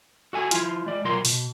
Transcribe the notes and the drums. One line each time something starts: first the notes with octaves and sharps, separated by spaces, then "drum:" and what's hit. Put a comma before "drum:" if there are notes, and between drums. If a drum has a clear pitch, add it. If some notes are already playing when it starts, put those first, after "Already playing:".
F#4 A4 G#5
F3 E4 F4, drum: hi-hat
G#3 D5
B1 F#3 F4 A#4 C6
B2, drum: open hi-hat